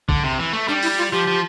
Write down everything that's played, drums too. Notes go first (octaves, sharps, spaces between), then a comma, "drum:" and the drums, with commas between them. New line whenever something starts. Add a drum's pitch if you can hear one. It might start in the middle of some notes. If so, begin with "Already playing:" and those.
D3, drum: kick
C3
E3
A3
G3 D4
E4, drum: open hi-hat
F4
F3 G4
F3